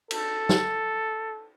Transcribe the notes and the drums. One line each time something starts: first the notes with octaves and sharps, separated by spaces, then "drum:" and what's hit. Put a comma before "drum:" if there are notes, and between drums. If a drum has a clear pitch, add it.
A4, drum: cymbal
drum: snare